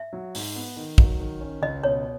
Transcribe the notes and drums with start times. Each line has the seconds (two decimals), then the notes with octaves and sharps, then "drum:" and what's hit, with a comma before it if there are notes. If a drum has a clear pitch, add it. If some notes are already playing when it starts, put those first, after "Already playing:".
Already playing: E5
0.13 F#3
0.35 G#2, drum: open hi-hat
0.56 B3
0.77 D#3
0.98 F#3, drum: kick
1.20 D#3
1.41 C#4
1.62 C#2 D#5
1.84 B2 C#5